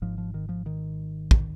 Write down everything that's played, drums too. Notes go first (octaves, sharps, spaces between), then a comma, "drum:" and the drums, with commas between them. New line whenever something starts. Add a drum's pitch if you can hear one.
G#1 G#2 F3
F3
D#3
F3
D#3
drum: kick